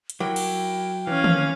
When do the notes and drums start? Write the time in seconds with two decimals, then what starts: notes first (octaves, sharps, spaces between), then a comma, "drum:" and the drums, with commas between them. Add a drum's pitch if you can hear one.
0.10 drum: hi-hat
0.20 F#3 E4 A#4 G5 D6
0.36 drum: cymbal
1.07 E3 C#4 F5
1.24 drum: tom